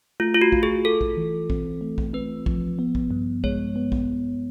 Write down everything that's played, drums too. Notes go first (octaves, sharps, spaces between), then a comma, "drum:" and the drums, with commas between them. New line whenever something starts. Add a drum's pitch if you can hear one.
A3 F4
F4
F#4
F4, drum: kick
G#4
F4 A4
drum: kick
E3
C4, drum: kick
A3
drum: kick
C4 B4
F3, drum: kick
B3
drum: kick
G2
G#3 C#5, drum: kick
B3
drum: kick